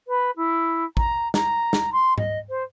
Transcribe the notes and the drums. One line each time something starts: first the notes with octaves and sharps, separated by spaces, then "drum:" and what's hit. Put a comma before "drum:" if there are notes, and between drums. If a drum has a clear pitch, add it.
B4
E4
A#5, drum: kick
A#5, drum: snare
drum: snare
C6
D#5, drum: tom G#2
C5